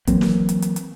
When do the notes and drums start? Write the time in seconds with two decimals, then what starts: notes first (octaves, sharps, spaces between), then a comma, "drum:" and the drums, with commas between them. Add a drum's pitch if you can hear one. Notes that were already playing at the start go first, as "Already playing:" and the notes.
0.07 E3 F#3 A#3 C4, drum: kick, hi-hat
0.21 drum: snare
0.49 drum: hi-hat
0.62 drum: hi-hat
0.76 drum: hi-hat